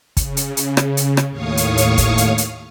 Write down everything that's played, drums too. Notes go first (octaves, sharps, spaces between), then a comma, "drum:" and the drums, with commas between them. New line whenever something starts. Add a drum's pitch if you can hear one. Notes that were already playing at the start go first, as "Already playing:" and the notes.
C#3, drum: kick, hi-hat
drum: hi-hat
drum: hi-hat
drum: rim click
drum: hi-hat
drum: rim click
D#2 A2 C#5 F5 C#6 D#6
drum: hi-hat
drum: hi-hat
drum: kick, hi-hat
drum: hi-hat
drum: hi-hat